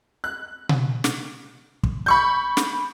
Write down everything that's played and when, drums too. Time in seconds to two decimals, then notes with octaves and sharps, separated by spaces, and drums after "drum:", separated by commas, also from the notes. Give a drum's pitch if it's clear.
0.24 F#6
0.69 drum: tom B2
1.04 drum: snare
1.83 drum: kick
2.06 B5 C#6 G6
2.57 drum: snare